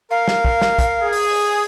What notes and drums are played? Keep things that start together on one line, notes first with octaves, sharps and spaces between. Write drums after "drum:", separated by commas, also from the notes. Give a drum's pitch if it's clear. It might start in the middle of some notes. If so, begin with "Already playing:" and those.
A#4 F5
drum: snare
drum: kick
drum: snare
drum: kick, hi-hat
G#4
drum: open hi-hat
drum: open hi-hat